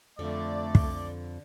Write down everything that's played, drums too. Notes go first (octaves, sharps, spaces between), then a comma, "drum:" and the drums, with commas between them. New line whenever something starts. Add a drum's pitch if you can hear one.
F2 D3 A3 D5
drum: kick